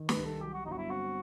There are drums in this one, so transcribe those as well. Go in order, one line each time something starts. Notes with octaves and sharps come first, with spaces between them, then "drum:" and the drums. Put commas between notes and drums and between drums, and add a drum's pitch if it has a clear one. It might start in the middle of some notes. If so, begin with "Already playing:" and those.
Already playing: D#3
B4, drum: snare
C2
A4
F#3 G4
F#4
G1 D#4
F#4
E4
C4 F#4